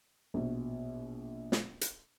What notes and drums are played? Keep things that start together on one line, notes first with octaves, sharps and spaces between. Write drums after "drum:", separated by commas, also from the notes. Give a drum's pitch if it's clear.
A#1 B2
drum: snare
drum: hi-hat